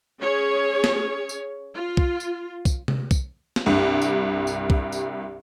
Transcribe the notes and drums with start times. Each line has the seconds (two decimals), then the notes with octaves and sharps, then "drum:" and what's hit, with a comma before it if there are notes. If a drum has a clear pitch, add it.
0.21 C#4 G#4 C#5
0.84 drum: snare
1.29 drum: tambourine
1.75 F4
1.97 drum: kick
2.20 drum: tambourine
2.65 drum: kick, tambourine
2.88 drum: tom C3
3.11 drum: kick, tambourine
3.56 drum: snare
3.66 C2 G2
4.02 drum: tambourine
4.47 drum: tambourine
4.70 drum: kick
4.92 drum: tambourine